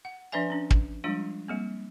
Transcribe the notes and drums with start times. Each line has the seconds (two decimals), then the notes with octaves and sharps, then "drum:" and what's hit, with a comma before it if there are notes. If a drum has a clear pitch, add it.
0.05 F#5
0.32 F3 D4 B4 D5 E5 G#5
0.50 C#4 D4
0.71 drum: kick
1.04 F3 G3 G#3 D4 F4
1.48 G3 A#3 C4